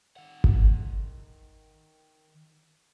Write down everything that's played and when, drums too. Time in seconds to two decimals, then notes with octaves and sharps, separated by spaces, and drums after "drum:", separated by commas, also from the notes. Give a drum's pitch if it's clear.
0.17 D#3 F#5
0.44 drum: kick G#1